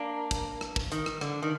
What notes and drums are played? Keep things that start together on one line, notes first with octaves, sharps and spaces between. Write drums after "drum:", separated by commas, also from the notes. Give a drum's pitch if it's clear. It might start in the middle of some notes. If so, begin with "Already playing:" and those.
Already playing: A#3 D4
drum: kick, hi-hat
drum: rim click
drum: kick
D#3, drum: hi-hat
drum: rim click
D3, drum: rim click
D#3